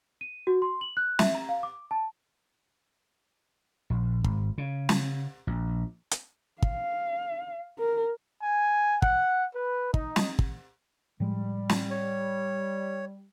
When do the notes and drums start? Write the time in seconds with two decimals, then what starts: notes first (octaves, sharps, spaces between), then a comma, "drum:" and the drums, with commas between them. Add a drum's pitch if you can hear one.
0.21 D#7
0.47 F#4
0.62 C6
0.81 F#7
0.97 F#6
1.19 E5, drum: snare
1.35 A#5
1.49 F5
1.63 D6
1.91 A5
3.90 A#1
4.24 G#1, drum: kick
4.58 C#3
4.89 drum: snare
5.47 A#1
6.11 drum: hi-hat
6.62 F5, drum: kick
7.79 A#4
8.42 G#5
9.02 F#5, drum: kick
9.55 B4
9.94 D#4, drum: kick
10.16 drum: snare
10.39 drum: kick
11.20 A2 F3 G3 G#3
11.69 drum: snare
11.90 C#5